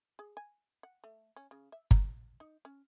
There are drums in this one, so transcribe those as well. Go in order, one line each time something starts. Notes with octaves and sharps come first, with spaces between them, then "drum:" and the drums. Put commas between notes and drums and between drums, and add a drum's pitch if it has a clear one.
G#4
G#5
F#5
A3
C#4
C#3
E5
A#5, drum: kick G1
D#4
C#4